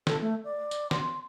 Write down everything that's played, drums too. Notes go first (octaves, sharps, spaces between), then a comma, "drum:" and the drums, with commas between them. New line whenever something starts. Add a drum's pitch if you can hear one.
A4, drum: snare
A3
D5
drum: tambourine
C6, drum: snare